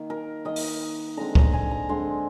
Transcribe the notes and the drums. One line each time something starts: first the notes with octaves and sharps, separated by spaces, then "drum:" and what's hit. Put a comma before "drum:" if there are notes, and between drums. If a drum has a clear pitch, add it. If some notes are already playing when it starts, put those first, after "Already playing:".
Already playing: D#3 A#3
A#4
D#3 A#3 D#5
drum: open hi-hat
D3 G#3 C4 A#5
A#5, drum: kick
G#5
A#5
D3 G#3 C4 C6